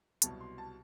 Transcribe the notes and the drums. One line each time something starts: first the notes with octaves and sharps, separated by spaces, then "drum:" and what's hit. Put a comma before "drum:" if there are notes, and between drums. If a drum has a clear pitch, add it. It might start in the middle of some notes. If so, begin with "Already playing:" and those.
C2 B2 F#3 A5, drum: hi-hat
C6
A5